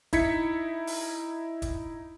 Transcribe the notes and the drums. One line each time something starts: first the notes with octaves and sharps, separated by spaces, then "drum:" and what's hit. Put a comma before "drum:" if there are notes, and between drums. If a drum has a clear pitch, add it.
D#4 E4 G#6 B6 C#7, drum: kick, hi-hat
drum: open hi-hat
drum: kick, hi-hat